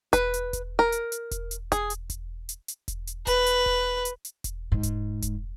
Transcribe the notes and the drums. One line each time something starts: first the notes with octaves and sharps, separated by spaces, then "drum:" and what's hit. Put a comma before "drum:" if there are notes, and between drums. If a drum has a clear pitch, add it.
B4, drum: kick E1, hi-hat
drum: hi-hat
drum: kick E1, hi-hat
A#4
drum: hi-hat
drum: hi-hat
drum: kick E1, hi-hat
drum: hi-hat
G#4, drum: kick E1, hi-hat
drum: hi-hat
drum: kick E1, hi-hat
drum: hi-hat
drum: hi-hat
drum: kick E1, hi-hat
drum: hi-hat
B4, drum: kick E1, hi-hat
drum: hi-hat
drum: kick E1
drum: hi-hat
drum: hi-hat
drum: kick E1, hi-hat
G#2
drum: kick E1, hi-hat
drum: kick E1, hi-hat